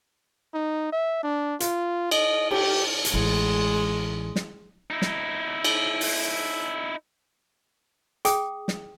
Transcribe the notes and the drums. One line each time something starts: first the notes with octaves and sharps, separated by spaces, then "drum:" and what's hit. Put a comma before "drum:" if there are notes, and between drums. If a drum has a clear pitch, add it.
D#4
E5
D4
F4, drum: hi-hat
D#5, drum: cymbal
G4, drum: cymbal
drum: hi-hat
A1 G#3
drum: snare
D#4 E4
drum: snare
drum: cymbal
drum: open hi-hat
G#4 G5 D#6, drum: hi-hat
drum: snare